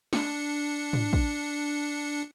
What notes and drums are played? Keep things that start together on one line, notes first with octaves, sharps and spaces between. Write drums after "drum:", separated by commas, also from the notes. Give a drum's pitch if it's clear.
D4 C#7, drum: snare
drum: tom G#2
drum: kick